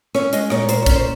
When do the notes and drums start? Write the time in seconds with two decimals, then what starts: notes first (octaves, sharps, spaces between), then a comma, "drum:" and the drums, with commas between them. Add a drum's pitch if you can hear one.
0.15 C#4 C#5, drum: rim click
0.33 G#3 D#5, drum: hi-hat
0.50 A#2 C#5, drum: rim click
0.62 C#5
0.69 A#2 C5, drum: hi-hat
0.82 C#5
0.86 C#4, drum: kick, hi-hat
0.95 C5